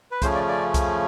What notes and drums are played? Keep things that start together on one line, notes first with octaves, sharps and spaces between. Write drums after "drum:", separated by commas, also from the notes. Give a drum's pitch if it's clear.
B4
C#3 F3 A3 C#4 C5, drum: kick C2, hi-hat
D5
D5
drum: kick C2, hi-hat